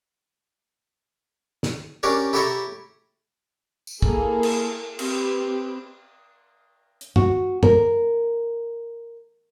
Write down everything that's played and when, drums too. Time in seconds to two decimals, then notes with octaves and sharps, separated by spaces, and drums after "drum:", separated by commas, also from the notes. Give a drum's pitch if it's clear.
1.63 drum: snare
2.03 C#4 D4 G4 A#4 C#5
2.33 E4 G4 A4 C#5 E5 A#5
3.87 drum: tambourine
4.02 A#3 E4 G#4 A4, drum: kick
4.43 drum: cymbal
4.99 C4 G4 B4, drum: cymbal
7.01 drum: hi-hat
7.16 F#4, drum: tom
7.63 A#4, drum: tom